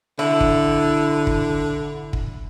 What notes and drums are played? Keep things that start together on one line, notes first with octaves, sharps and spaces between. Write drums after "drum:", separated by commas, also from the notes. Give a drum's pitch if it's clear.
D3 E4
drum: kick
drum: kick
drum: kick